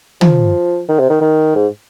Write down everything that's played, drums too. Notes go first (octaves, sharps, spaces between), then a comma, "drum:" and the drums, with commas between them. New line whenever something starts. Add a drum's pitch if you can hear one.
F3, drum: tom
D#3
C3
D#3
D#3
G#2